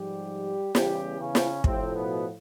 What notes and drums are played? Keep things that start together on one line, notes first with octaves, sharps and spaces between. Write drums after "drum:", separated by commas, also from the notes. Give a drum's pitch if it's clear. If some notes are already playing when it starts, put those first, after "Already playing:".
Already playing: G#2 F3 G3 G4
E2 C#3 E3 G3 G4, drum: snare
C#3 C#4
drum: snare
A2 C3 F3 C4, drum: kick
B2 B3